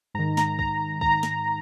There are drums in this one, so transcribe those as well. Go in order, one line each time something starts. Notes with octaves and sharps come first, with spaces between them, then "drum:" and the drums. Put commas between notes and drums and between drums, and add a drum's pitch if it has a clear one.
G#2 D#3 A#5
A#5, drum: snare
A#5, drum: kick
A#5, drum: kick
drum: snare